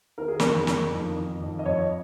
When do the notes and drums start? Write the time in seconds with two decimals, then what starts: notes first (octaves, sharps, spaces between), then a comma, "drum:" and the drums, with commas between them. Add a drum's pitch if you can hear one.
0.18 D#3 A#4
0.28 G#4
0.40 F2 A#4, drum: snare
0.67 D#3, drum: snare
0.92 F2
1.17 D#3
1.41 F2
1.59 D#5
1.66 F2 C#5